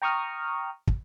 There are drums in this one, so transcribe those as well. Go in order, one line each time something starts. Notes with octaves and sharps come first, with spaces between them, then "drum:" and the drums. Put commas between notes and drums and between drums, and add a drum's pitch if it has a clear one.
G5 A#5 C#6 D#6 F6
drum: kick